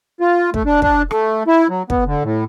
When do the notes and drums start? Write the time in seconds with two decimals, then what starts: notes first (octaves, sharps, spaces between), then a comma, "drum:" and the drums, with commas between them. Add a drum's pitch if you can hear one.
0.21 F4
0.54 A3, drum: kick
0.66 D4
0.82 D4, drum: kick
1.11 A3, drum: rim click
1.47 E4
1.69 F#3
1.90 B3, drum: kick
2.06 D3
2.24 A2